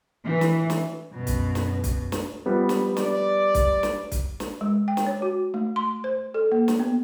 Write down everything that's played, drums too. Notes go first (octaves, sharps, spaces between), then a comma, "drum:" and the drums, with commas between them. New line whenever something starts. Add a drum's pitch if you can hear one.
E3
drum: snare
drum: snare
F#2 B2
drum: kick, hi-hat
drum: snare
drum: kick, hi-hat
drum: snare
F3 G3 B3
drum: snare
D5, drum: snare
drum: kick, hi-hat
drum: snare
drum: kick, hi-hat
drum: snare
G#3
G5
drum: snare
C#5
F#4
A3
C6
C5
A4
A#3
drum: snare
B3